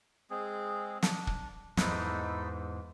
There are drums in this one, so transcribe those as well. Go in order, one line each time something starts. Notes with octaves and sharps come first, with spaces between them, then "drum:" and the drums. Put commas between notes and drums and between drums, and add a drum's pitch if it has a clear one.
G#3 C4 G#4
D4, drum: snare
drum: kick
E2 G#2 D#4 E4 A4, drum: snare